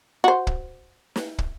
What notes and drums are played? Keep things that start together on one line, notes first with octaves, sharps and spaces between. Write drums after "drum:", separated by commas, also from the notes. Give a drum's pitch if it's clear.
F#4 C5
drum: kick
drum: snare
drum: kick